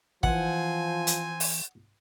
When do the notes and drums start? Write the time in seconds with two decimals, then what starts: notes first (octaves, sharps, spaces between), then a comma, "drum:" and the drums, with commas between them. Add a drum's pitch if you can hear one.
0.23 E3 F3 C4 C5 F#5 G#5, drum: kick
1.07 drum: hi-hat
1.40 drum: open hi-hat